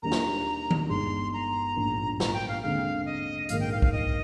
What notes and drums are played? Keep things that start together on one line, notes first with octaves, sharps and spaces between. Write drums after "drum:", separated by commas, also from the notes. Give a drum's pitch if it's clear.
D#2 D#3 G3 D4 A#5
drum: snare
drum: tom D#3
G1 G2 D3 G#3 D#4 C6
A#5
A#1 G#2 F3 A#3 D4
A#5, drum: snare
G5
F5
D#2 D3 G#3 C4 F5
D#5
A#1 G#2 D#3 F5, drum: hi-hat
G5
F5
F5, drum: kick B1
D#5